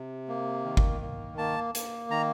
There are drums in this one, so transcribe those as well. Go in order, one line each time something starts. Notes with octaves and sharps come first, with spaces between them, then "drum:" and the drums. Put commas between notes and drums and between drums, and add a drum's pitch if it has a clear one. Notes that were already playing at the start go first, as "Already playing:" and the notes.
Already playing: C3
A#3
D#3
drum: kick G#1
A#3
A#3 A5
A#3, drum: hi-hat
D#3 A#5